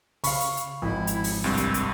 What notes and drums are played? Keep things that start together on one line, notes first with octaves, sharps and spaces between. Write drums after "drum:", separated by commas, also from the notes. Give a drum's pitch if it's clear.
C#3 F5 B5 C#6, drum: open hi-hat
drum: hi-hat
drum: hi-hat
G#1 F3 E4
drum: hi-hat
drum: open hi-hat
C2 G2 C4
drum: hi-hat
drum: hi-hat